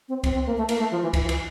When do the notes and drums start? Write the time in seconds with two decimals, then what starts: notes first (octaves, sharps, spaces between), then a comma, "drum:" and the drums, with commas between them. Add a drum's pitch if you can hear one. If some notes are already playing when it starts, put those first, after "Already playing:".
0.09 C4
0.24 C4, drum: kick C2, cymbal
0.34 C4
0.46 A#3
0.57 A3
0.69 A#3, drum: cymbal
0.79 A3
0.92 F3
1.03 E3
1.13 E3, drum: kick C2, cymbal
1.24 F3
1.29 E3, drum: cymbal